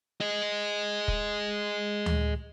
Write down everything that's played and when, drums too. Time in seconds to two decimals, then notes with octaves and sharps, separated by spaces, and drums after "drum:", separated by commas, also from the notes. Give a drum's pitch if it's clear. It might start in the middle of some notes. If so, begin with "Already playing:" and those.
0.21 G#4 D#5
1.08 drum: kick
2.06 drum: tom D2